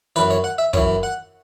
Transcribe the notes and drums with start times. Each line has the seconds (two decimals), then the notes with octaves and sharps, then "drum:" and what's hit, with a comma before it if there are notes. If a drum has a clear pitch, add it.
0.16 F#2 E3 B4, drum: hi-hat
0.31 C#5
0.44 F#5
0.58 E5
0.73 F#2 E3 C#5, drum: kick
1.03 F#5